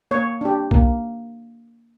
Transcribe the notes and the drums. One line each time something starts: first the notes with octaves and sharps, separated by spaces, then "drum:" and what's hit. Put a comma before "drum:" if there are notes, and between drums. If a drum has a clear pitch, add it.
A#3 C#5
D4 G4
A#3, drum: kick B1